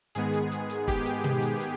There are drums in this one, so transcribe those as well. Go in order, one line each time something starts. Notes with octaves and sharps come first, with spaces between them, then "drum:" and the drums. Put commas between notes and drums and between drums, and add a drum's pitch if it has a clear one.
G#2 D#3 G#3 B3 G#4, drum: hi-hat
drum: hi-hat
drum: hi-hat
drum: hi-hat
G4, drum: kick, hi-hat
drum: hi-hat
drum: tom
drum: hi-hat
drum: hi-hat